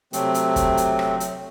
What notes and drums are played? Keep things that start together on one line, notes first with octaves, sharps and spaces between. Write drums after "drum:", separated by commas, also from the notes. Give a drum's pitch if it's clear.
C3 F#3 A3 C4, drum: hi-hat
drum: hi-hat
drum: kick, hi-hat
drum: hi-hat
drum: rim click
drum: hi-hat